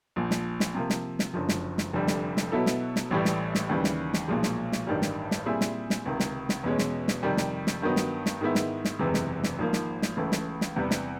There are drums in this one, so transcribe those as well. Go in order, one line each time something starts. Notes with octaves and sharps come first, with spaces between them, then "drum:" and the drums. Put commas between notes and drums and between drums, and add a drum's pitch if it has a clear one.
A#1 A#2 F3
drum: snare
drum: snare
C3 F3 A#3
drum: snare
drum: snare
F#1 F#2 D3 F3
drum: snare
drum: snare
F1 F2 D3 G3
drum: snare
drum: snare
B2 F#3 B3 E4 A4
drum: snare
drum: snare
A1 A2 E3 G3
drum: snare
drum: snare
D#2 C#3 E3 G3
drum: snare
drum: snare
B1 A#2 F3 G#3
drum: snare
drum: snare
A1 G2 D#3 G3
drum: snare
drum: snare
A#2 G3 C4 E4 G#4
drum: snare
drum: snare
C#2 C3 D#3
drum: snare
drum: snare
E2 B2 G#3 C#4
drum: snare
drum: snare
F2 C3 D#3 G3
drum: snare
drum: snare
G2 D#3 F#3 B3 D#4
drum: snare
drum: snare
G#2 D#3 G#3 B3 E4
drum: snare
drum: snare
F#1 E2 C3 E3 G#3
drum: snare
drum: snare
G#1 G#2 F3 A#3
drum: snare
drum: snare
C#2 C#3 E3 A3
drum: snare
drum: snare
E2 C3 E3 G3 B3
drum: snare